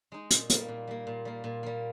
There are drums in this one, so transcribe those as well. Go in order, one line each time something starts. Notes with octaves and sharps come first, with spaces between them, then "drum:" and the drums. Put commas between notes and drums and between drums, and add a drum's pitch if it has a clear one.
G#3 D#4
A#2, drum: hi-hat
G3 A#3, drum: hi-hat
A#2
G3 A#3
A#2
G3 A#3
A#2
G3 A#3